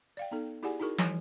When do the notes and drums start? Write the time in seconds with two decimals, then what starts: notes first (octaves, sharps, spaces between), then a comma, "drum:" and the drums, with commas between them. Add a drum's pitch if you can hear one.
0.17 D5 F5 G5
0.31 B3 D#4 A4
0.63 E4 G4 G#4 D5 F#5 G#5
0.80 D#4 E4 F#4 G#4 A#4 C#6
0.98 E3 F3 G3 G#5, drum: snare